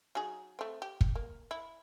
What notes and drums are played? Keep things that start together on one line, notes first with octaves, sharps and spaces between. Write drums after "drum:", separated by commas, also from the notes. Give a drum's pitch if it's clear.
F#3 D#4 G#4
A3 C4
G4
drum: kick
A#3
E4